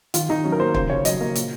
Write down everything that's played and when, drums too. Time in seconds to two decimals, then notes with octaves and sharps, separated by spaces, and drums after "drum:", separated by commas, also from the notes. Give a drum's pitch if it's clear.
0.14 D#3 F4, drum: hi-hat
0.29 D#3 D#4
0.44 F#3 C#4
0.52 A#4
0.60 A#3 C5
0.74 C#3 C5, drum: kick
0.90 C#3 C#5
1.05 F#3 D#5, drum: hi-hat
1.21 A#3
1.35 A#2, drum: hi-hat